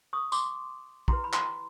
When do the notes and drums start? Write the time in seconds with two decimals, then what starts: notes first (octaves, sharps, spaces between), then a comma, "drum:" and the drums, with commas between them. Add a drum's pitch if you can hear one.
0.13 C#6 D#6
0.32 C6 D6, drum: tambourine
1.08 E4 G4 B4 A#5 C6, drum: kick
1.24 B5
1.33 A#5 C6, drum: clap